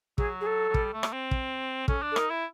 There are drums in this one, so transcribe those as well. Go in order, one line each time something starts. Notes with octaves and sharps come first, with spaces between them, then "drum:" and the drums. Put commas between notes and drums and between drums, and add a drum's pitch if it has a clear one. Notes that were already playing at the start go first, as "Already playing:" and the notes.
F#3 G#4, drum: kick
G#4
A4
F#3
G3, drum: kick
A3
drum: rim click
C4
drum: kick
C#4 A4, drum: kick
D4
A4
D#4 A#4, drum: rim click
E4